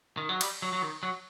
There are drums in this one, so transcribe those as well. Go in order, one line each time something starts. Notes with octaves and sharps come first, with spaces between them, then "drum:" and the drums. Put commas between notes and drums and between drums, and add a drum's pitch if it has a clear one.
D#3
F#3
G3, drum: cymbal
F#3
F#3
D#3
F#3